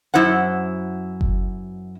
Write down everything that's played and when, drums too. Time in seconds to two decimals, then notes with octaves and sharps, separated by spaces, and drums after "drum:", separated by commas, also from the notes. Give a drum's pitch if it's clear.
0.14 F#2 E4 C5 F#5
1.21 drum: kick F#1